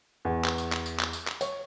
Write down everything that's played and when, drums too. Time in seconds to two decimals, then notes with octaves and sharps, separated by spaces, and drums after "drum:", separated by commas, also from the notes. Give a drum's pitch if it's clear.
0.25 E2
0.44 drum: clap
0.58 drum: tambourine
0.72 drum: clap
0.86 drum: tambourine
1.00 drum: clap
1.13 drum: tambourine
1.27 drum: clap
1.41 C#5, drum: tambourine